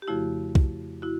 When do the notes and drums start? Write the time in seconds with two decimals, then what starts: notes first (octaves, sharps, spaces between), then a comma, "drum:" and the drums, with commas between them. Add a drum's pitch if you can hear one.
0.02 G4
0.08 F2 C#3 F3 A3 E4 F#4
0.55 drum: kick
1.02 E4 F#4